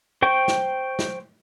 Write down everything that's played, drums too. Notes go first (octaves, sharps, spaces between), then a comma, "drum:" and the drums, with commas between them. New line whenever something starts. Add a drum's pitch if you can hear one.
C5 G5 C#6
drum: snare
drum: snare